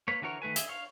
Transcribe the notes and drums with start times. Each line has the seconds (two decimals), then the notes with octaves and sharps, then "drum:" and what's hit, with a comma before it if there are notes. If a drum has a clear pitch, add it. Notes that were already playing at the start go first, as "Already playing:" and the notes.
0.08 A#3 B4 C#5
0.22 D3 E3 F#4 A#4 C#5
0.42 D#3 A3 B4 G#5
0.56 G#4 E5, drum: hi-hat
0.69 C#5 F5